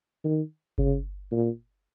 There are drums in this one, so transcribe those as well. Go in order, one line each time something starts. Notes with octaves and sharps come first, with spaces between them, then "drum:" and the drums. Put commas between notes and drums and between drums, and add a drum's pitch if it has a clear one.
D#3
C#3, drum: kick G1
A#2